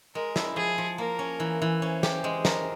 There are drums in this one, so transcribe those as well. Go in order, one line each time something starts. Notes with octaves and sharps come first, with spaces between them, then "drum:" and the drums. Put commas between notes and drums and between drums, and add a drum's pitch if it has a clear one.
G#3 A#4
E4, drum: snare
F3 G#4
F3
A#3 A#4
C#4
E3
E3
C#4 C5
G4, drum: snare
G#3
A#4, drum: snare